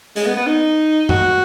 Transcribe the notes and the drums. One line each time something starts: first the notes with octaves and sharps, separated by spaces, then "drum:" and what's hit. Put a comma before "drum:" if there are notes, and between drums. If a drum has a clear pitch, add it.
G#3, drum: hi-hat
B3
B3
D#4
F#4, drum: tom F#2